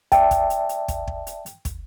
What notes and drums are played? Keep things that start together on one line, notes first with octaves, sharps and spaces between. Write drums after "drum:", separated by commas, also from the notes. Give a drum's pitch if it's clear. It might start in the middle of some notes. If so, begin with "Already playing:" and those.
D5 E5 G5 A5, drum: kick, hi-hat
drum: kick, hi-hat
drum: hi-hat
drum: hi-hat
drum: kick, hi-hat
drum: kick
drum: hi-hat
drum: hi-hat
drum: kick, hi-hat